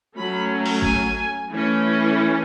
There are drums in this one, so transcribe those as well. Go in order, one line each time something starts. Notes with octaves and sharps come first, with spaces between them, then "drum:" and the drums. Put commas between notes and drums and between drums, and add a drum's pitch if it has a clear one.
F#3 A3 C#4 B5
drum: open hi-hat
G#5, drum: kick G#1
E3 A3 C#4